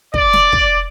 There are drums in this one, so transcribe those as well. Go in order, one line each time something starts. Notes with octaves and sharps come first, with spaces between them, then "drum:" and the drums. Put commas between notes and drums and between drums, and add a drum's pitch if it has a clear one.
D5, drum: kick
drum: snare
drum: kick